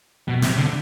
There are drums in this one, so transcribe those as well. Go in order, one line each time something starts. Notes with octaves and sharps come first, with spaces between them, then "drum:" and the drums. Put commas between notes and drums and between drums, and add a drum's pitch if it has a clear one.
B2
C3, drum: snare
D3